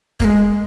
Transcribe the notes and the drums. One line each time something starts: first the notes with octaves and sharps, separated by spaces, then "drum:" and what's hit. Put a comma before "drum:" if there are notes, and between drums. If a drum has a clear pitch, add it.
A#3, drum: kick
G#3